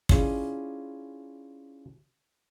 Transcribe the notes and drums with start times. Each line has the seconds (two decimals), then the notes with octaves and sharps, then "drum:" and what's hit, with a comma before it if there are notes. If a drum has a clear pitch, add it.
0.09 C#4 D4 E4 F4 G#4 D5, drum: kick